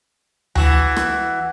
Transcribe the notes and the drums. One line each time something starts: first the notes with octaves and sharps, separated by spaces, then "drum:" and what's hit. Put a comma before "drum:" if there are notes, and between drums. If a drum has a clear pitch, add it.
E3 F#4, drum: tom D2
drum: rim click